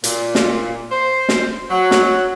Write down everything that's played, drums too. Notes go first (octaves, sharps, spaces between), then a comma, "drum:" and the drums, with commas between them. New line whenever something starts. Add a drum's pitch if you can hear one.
A#2, drum: hi-hat
drum: snare
C5
drum: snare
F#3
drum: snare